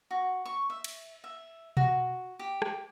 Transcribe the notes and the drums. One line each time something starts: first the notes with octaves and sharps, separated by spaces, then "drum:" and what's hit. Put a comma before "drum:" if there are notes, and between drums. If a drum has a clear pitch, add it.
F#4
C#6
E5
drum: cymbal
E5
F#4, drum: tom B2
G4
drum: rim click